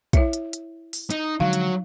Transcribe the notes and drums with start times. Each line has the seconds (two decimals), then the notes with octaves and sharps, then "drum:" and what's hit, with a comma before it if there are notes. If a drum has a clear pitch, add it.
0.13 E4 C#5 E5, drum: kick, hi-hat
0.33 drum: hi-hat
0.53 drum: hi-hat
0.93 drum: open hi-hat
1.10 D#4, drum: hi-hat
1.40 D3 F3 F#3 G#3 D#4 F5
1.53 drum: hi-hat